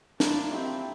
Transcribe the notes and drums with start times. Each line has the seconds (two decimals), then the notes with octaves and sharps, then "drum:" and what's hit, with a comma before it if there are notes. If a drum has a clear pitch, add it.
0.20 F3 A#3 D4 E4, drum: snare
0.51 A3 C4 E4 G4 C5